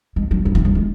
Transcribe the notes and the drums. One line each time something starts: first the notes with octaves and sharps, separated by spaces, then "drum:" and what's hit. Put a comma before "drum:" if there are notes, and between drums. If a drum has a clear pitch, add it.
G#3
F#3
F#3
E3, drum: kick D2
F#3
G#3